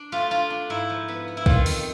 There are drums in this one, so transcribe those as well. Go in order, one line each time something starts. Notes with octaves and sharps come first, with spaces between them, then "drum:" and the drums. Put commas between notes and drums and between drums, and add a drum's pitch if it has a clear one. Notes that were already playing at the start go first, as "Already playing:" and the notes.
Already playing: D4
A3 F4
D4 F4
D4
G#2 E4
F3
B3
B3
E4
D#3 F4, drum: kick B1
F2, drum: open hi-hat